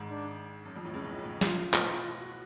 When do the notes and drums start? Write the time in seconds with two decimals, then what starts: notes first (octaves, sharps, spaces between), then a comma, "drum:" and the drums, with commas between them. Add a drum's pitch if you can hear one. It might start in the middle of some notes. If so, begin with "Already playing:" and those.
Already playing: G#1 G#2
0.08 D4
0.65 F#2
0.76 F2
0.85 A1 A2
0.93 C#2 C#3
1.04 B1 B2
1.23 A1 A2
1.41 F4, drum: snare
1.73 B2, drum: clap
1.79 A1 A2
2.18 F#4